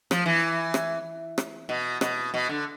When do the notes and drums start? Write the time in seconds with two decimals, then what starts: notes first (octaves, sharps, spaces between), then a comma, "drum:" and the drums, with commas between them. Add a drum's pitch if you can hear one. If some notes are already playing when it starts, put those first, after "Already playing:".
0.11 F3, drum: rim click
0.26 E3
0.74 drum: rim click
1.38 drum: rim click
1.69 B2
2.01 B2, drum: rim click
2.34 B2
2.49 D3